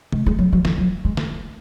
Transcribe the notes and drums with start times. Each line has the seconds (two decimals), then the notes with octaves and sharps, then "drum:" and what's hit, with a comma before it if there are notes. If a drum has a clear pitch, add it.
0.12 G#3, drum: tom
0.26 G#3
0.39 F#3
0.53 F#3
0.65 E3, drum: snare
0.78 F#3
1.05 G#3
1.17 drum: snare